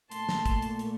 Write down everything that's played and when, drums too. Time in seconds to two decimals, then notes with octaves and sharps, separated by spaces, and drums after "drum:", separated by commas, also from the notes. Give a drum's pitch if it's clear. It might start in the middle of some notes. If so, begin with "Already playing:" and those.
0.12 A#2 A3 A5 C6, drum: hi-hat
0.29 drum: snare
0.46 drum: kick, hi-hat
0.62 drum: hi-hat
0.79 drum: hi-hat